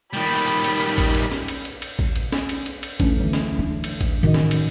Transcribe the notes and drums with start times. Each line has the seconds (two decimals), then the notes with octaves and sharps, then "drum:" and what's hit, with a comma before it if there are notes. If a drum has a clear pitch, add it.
0.14 D#3 G3 B5
0.47 drum: cymbal
0.64 drum: cymbal
0.81 drum: cymbal
0.98 drum: kick A1, cymbal
1.15 drum: cymbal
1.32 drum: snare
1.48 drum: cymbal
1.65 drum: cymbal
1.82 drum: cymbal
1.99 drum: kick A1
2.16 drum: cymbal
2.32 drum: snare
2.49 drum: cymbal
2.66 drum: cymbal
2.83 drum: cymbal
3.00 C#3 E3 A3 C#4 D4, drum: kick A1, cymbal
3.20 D2 F#3
3.33 drum: snare
3.59 D4
3.84 drum: cymbal
4.01 drum: kick A1, cymbal
4.23 A2 D#3 F3 F#4 D#5
4.34 drum: snare
4.51 drum: cymbal